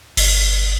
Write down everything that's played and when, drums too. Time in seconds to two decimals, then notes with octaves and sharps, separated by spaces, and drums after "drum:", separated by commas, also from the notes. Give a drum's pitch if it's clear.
0.17 G1, drum: open hi-hat